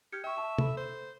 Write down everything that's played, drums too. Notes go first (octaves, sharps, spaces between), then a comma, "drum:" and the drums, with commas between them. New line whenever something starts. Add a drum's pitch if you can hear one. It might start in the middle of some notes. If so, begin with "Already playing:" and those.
G4 F6 G#6 C#7
E5 G5 C#6
A5 C#6
A4 B5, drum: tom
C5